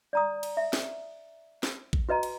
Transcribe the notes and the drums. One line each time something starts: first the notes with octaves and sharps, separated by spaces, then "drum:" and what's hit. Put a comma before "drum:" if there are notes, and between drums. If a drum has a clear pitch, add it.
D5 A#5 D#6
drum: cymbal
E5
drum: snare
drum: snare
drum: kick A1
F#4 B4 D#5 A#5
drum: cymbal